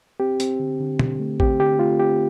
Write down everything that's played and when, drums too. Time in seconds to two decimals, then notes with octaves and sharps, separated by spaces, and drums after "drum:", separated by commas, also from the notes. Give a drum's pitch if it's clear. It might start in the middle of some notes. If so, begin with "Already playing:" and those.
0.20 C4 G4
0.40 C4, drum: hi-hat
0.59 D3
0.80 D3
0.99 D3, drum: tom
1.20 A3
1.40 C4 G4, drum: kick
1.59 D3 G4
1.79 A3 F4
1.99 C4 G4